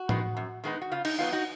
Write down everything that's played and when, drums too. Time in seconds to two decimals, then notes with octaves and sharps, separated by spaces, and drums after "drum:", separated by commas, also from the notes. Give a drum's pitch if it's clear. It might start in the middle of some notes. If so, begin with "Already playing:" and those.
Already playing: F#4
0.09 D#3 G#3 B3 D#4, drum: tom A2
0.37 F#2
0.64 D#3 G#3 B3 D#4
0.81 F#4
0.92 C#3 F4
1.05 D#4, drum: cymbal
1.18 F#3 B3 D#4 F4
1.33 D#4 F#4